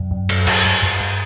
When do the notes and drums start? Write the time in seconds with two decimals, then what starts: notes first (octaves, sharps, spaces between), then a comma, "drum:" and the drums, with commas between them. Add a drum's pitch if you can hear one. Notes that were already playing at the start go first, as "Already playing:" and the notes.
Already playing: F#2
0.11 F#2
0.29 F#2, drum: cymbal
0.47 F#2, drum: cymbal
0.65 G2
0.83 G2
1.00 G2